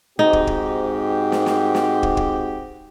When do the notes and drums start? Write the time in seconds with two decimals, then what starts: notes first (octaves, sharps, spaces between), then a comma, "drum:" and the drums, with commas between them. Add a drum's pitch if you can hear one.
0.19 G#2 C4 D#4 F#4 G4
0.33 drum: kick
0.47 drum: kick
1.32 drum: snare
1.46 drum: snare
1.75 drum: snare
2.03 drum: kick
2.17 drum: kick